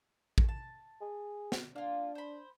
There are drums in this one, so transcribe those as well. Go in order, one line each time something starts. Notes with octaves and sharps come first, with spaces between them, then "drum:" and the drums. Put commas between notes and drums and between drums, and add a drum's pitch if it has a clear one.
drum: kick
A5
G#4
drum: snare
A#3 D4 F4
C5 B5